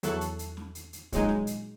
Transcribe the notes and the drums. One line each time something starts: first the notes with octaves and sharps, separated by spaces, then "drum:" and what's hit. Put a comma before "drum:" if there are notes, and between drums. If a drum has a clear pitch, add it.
E2 F#3 E4 A4 C#6 F#6, drum: hi-hat
drum: hi-hat
drum: hi-hat
drum: snare
drum: hi-hat
drum: hi-hat
A#2 F#3 G#3 D#4, drum: kick, hi-hat
drum: snare
drum: hi-hat